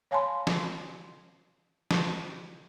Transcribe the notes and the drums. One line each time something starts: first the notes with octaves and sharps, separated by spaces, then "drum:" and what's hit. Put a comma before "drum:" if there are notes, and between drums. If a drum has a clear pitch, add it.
C#5 F5 G#5 A5 B5 C6
drum: snare
drum: snare